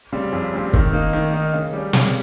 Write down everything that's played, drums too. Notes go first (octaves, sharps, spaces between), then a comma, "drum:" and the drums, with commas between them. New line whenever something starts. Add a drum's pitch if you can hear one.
C#3 G3 C4
F2
C#3 G3 C4
D#3, drum: kick
A#3 D#4
D#3
A#3 D#4
C#3
G3 C#4
C#3, drum: snare